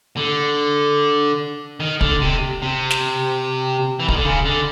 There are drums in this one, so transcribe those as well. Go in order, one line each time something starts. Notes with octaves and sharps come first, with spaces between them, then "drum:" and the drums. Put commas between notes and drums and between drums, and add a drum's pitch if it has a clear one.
D3
D#3
D3, drum: kick
C3
C3
drum: snare
E3
D#3, drum: kick
D3
C#3
D3